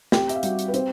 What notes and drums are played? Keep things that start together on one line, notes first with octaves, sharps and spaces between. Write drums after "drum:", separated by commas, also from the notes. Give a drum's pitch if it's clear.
C4 G4 G5, drum: snare
E5, drum: hi-hat
F5
G3 F#4 F#5, drum: hi-hat
drum: hi-hat
B4
C4 C5, drum: hi-hat